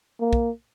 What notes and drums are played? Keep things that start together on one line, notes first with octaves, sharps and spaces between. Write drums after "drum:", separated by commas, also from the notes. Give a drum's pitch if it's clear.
A#3
drum: kick